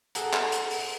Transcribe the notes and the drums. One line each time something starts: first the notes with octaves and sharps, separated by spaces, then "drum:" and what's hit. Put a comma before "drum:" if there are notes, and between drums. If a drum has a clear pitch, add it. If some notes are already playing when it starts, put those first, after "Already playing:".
G#4 A4 F#5 A#5, drum: hi-hat
drum: clap
drum: hi-hat
drum: open hi-hat